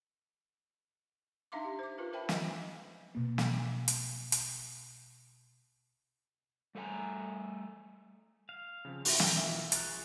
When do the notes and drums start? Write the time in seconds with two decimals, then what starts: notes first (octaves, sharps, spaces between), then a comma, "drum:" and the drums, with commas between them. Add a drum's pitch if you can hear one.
1.52 D4 D#4 E5 F5 C6 D6
1.64 G4
1.79 C5 D6
1.98 F4 A#4 B4
2.13 A#4 C5 E5 G5 A5 B5
2.29 D#5, drum: snare
3.15 B2 A#3
3.38 drum: snare
3.88 drum: hi-hat
4.32 drum: hi-hat
6.75 G3 A3 A4 E5 G#5 A#5
8.49 F5
8.85 C#3 F3 C4
9.05 B2 D#3 B3 F#4 G4 E5, drum: open hi-hat
9.20 G5 A5, drum: snare
9.36 E3 F4 E5
9.72 F4 G#4 C#5 A#5 F#6 A6, drum: hi-hat